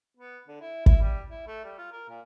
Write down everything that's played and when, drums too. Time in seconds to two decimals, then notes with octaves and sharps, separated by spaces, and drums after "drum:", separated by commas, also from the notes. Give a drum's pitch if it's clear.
0.17 B3
0.48 D3
0.61 E4
0.86 E4, drum: kick
1.02 G3
1.30 E4
1.47 A3
1.64 G3
1.78 F4
1.92 A#4
2.09 A#2